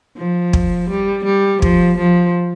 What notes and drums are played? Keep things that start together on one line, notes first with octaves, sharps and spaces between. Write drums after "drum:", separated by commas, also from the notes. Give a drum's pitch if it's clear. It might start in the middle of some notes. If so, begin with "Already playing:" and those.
F3
drum: kick
G3
G3
F3, drum: kick
F3